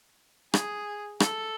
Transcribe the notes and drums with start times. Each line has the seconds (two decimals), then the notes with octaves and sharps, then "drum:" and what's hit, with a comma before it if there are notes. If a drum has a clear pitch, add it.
0.54 G#4, drum: rim click
1.20 A4, drum: rim click